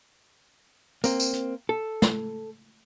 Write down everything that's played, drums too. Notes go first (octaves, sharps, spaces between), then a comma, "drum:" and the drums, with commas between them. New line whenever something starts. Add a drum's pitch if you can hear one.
A#3 C4, drum: tambourine
drum: tambourine
drum: hi-hat
A4
drum: snare